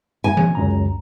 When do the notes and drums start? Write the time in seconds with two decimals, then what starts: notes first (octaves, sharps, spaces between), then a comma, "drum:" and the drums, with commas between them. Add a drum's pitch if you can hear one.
0.24 G#5
0.37 drum: tom E3
0.55 C#2 F#2 A#5